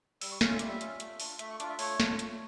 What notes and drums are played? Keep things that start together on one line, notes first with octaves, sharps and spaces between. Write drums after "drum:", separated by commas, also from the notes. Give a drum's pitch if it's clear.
G3 E6, drum: open hi-hat
C#6
C#4 F5, drum: snare
F4 E5
G3 D5, drum: hi-hat
E5
C#4 F4, drum: hi-hat
A3, drum: hi-hat
D4 F4, drum: open hi-hat
A3 E5, drum: hi-hat
C#6
D4 F4 D6, drum: hi-hat
E5
A3 C#5, drum: open hi-hat
D4 F4, drum: snare
A3, drum: hi-hat